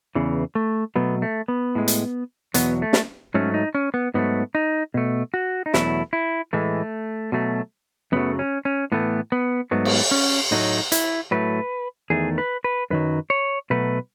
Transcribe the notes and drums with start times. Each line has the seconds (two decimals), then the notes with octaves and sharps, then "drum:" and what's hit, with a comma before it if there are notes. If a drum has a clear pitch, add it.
0.15 E2 C#3 E3
0.55 A3
0.95 B2 F#3 A3 B3
1.22 A3
1.48 B3
1.75 A2 G#3
1.88 drum: hi-hat
2.54 E2 B2 F#3 B3, drum: hi-hat
2.82 A3
2.93 drum: snare
3.34 G#2 F#3 A3 C#4
3.54 D#4
3.75 C#4
3.94 B3
4.14 G#2 F#3 A3 B3
4.55 D#4
4.94 B2 A3
5.34 F#4
5.66 D#4
5.74 E2 B2 F#3 A3 E4, drum: snare
6.13 E4
6.53 A2 E3 G#3 A3
7.32 B2 F#3 A3
8.12 F#2 C#3 F#3 A3 B3
8.39 C#4
8.65 C#4
8.92 A2 E3 A3 B3
9.32 B3
9.71 G#2 F#3 A3 B3
9.85 drum: cymbal
10.11 C#4
10.51 A2 F#3 A3 D#4
10.92 E4, drum: hi-hat
11.31 A2 F#3 A3 B4
12.10 E2 D#3 A3 G#4
12.38 B4
12.64 B4
12.90 F#2 D#3 F#3 B4
13.30 C#5
13.70 B2 F#3 A3 B4